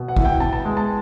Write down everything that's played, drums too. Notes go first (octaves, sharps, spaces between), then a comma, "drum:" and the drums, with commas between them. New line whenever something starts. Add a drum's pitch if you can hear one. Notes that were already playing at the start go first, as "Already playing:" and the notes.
Already playing: B2
F#5
E4, drum: kick
G5
B3 A5
A5
G#3
A5